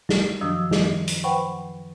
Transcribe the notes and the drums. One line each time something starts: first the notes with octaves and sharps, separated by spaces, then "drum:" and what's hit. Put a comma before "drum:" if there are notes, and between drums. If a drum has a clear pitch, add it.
F#3, drum: snare
F#2 D#3 F3 D4 D#6 E6
D#3, drum: snare
drum: hi-hat
B4 C5 F#5 G5 B5 C#6